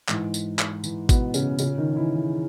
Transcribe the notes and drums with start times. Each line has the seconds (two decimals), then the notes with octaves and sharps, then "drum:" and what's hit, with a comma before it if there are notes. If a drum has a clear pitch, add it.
0.09 G#2 E3, drum: clap
0.34 drum: tambourine
0.59 drum: clap
0.84 E3, drum: tambourine
1.09 B2 B3, drum: kick G#1, tambourine
1.34 C#3 C#4, drum: tambourine
1.59 A#2 C#3 C#4, drum: tambourine
1.77 D#3 D#4
1.92 D#4
1.96 E3 E4
2.14 E3 E4